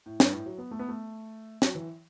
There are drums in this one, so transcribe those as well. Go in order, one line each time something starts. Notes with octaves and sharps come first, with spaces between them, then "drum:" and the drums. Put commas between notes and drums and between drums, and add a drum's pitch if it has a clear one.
A2
G2, drum: snare
A2
F#3
B3
A3
B3
A3
F#3, drum: snare
E3